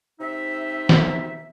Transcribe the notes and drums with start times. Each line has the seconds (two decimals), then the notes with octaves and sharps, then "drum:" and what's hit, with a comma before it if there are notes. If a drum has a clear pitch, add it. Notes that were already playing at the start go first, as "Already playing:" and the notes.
0.20 C3 D#4 E5
0.89 drum: snare